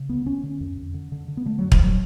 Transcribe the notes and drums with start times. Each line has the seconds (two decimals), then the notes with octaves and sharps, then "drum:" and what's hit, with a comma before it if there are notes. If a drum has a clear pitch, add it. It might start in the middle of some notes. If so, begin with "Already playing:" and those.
Already playing: C#3
0.09 D2 B3
0.26 D2 C#4
0.43 D3
0.61 F2
0.77 F2
0.94 D3
1.12 D3
1.28 D3
1.37 B3
1.45 D3 A3
1.59 F#3
1.63 F#2
1.72 F3, drum: kick
1.80 D3 F#3